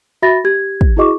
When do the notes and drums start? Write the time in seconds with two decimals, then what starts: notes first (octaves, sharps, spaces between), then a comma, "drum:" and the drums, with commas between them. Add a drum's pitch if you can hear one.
0.22 F#4 E5 B5 A6 A#6
0.44 G4 G#6
0.81 drum: kick
0.97 E4 F#4 G#4 D#5 C#6 D6